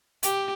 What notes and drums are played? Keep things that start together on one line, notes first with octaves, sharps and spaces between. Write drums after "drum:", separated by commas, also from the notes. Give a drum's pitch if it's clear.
G4, drum: hi-hat